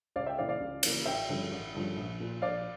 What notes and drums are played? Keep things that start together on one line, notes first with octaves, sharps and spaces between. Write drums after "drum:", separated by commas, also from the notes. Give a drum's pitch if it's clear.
C#2 D5 F5
E5 G5
C#3 E3 A#3 D5 F5
D5 F5
C#2
C#3 E3 A#3, drum: cymbal
A1 E5 G5
G2 D3 F3 C#4
A1
G2 D3 F3 C#4
A#1
A#2 F3
A#1 D5 F5